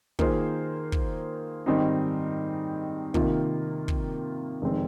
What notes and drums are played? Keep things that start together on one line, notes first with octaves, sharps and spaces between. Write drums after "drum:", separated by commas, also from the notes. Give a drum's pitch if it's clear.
D#3 A#3 F4 G#4 C5, drum: kick
drum: kick
G#2 D#3 G3 C4 D#4
C3 D#3 A#3 F4, drum: kick
drum: kick
F1 D#3 G#3 C4